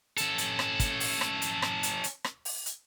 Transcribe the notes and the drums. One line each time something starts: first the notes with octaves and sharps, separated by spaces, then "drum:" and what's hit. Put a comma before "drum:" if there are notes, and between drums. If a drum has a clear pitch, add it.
C#4 A4, drum: hi-hat
drum: hi-hat
drum: rim click
drum: kick, hi-hat
drum: open hi-hat
drum: rim click
drum: hi-hat
drum: rim click
drum: hi-hat
drum: hi-hat
drum: rim click
drum: open hi-hat
drum: hi-hat